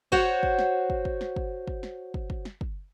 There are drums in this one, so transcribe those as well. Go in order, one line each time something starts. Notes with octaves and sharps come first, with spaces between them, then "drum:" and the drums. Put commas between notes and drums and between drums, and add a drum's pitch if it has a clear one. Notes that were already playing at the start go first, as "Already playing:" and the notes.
F#4 C5 C#5 F#5, drum: kick
drum: kick
drum: snare
drum: kick
drum: kick
drum: snare
drum: kick
drum: kick
drum: snare
drum: kick
drum: kick
drum: snare
drum: kick